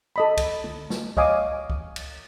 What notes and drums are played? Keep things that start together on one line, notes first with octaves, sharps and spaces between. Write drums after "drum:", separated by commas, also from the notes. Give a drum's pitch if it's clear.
A4 D#5 B5
drum: kick, cymbal
drum: tom
drum: snare
C#5 D#5 F5 G#5 D6 D#6, drum: kick
drum: kick
drum: cymbal